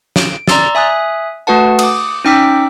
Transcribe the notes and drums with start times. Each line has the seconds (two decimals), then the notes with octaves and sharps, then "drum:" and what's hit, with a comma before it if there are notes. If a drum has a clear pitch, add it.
0.16 D7, drum: snare
0.48 D5 A#5 C6 E6 A6, drum: snare
0.75 E5 G#5 D#6 F#6
1.47 A3 F#4 B4 F#5 A5
1.79 D6 D#6, drum: cymbal
2.25 C#4 D#4 G5 D6 E6 B6